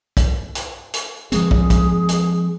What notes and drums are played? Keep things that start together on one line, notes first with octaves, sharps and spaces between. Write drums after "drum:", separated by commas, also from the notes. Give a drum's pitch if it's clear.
drum: kick, hi-hat
drum: hi-hat
drum: hi-hat
F3 G#3 C4 G#4, drum: hi-hat
drum: kick
drum: kick, hi-hat
drum: hi-hat